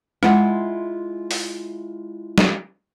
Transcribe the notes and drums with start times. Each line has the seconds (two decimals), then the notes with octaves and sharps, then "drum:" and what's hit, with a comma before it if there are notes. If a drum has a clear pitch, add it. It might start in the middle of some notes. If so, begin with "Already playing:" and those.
0.23 G#3 E4 F4 E5 F#5, drum: rim click
1.31 drum: open hi-hat
2.38 drum: snare